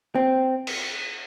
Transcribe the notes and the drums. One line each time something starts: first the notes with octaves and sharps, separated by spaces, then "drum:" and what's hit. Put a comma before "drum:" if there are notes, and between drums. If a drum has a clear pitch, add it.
C4
drum: cymbal